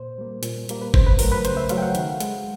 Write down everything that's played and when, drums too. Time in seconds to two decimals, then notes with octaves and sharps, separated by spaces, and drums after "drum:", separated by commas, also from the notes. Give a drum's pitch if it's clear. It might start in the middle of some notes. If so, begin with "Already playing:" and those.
Already playing: A#2 C5
0.18 G3 A#3
0.43 A#2, drum: hi-hat
0.69 G3 A#3, drum: hi-hat
0.82 B4
0.94 C#3 C5, drum: kick G1
1.07 B4
1.19 F#3 A3 A#4, drum: open hi-hat
1.32 B4
1.45 C#3 C5, drum: hi-hat
1.57 E5
1.69 F#3 A3 F5, drum: hi-hat
1.78 G5
1.82 F#5
1.95 D#3, drum: hi-hat
2.20 G#3, drum: hi-hat